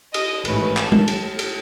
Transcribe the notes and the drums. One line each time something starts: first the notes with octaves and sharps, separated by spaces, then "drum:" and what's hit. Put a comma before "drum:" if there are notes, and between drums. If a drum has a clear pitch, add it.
D#5, drum: cymbal
A1 G#2 D#3 A3 C#4 B4, drum: cymbal
A4, drum: clap
drum: tom G#3
drum: cymbal
drum: cymbal